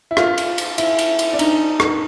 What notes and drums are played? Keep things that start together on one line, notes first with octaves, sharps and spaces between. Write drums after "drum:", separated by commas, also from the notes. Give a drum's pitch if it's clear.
E4
F4, drum: rim click
drum: cymbal
drum: cymbal
E4, drum: cymbal
drum: cymbal
drum: cymbal
D4
D#4, drum: cymbal
drum: rim click